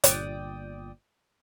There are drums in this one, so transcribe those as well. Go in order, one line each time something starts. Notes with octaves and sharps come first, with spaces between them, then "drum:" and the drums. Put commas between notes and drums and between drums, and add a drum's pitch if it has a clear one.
G1 A#2 D5 G5 D#6, drum: hi-hat